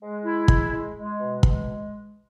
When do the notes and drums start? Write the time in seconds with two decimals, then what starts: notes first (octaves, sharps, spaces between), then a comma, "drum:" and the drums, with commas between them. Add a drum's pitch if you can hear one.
0.02 G#3
0.24 E4
0.48 G#3, drum: kick
0.72 G#3
0.95 G#3
1.20 B2
1.43 G#3, drum: kick